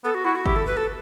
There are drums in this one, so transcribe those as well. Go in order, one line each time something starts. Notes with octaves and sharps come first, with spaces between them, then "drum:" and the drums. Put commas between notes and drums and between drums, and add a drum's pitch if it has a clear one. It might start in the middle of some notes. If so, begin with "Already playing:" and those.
B3 A4
F#4
E4 F#4
F#4
E4 G4, drum: kick G1
A4
B4
A4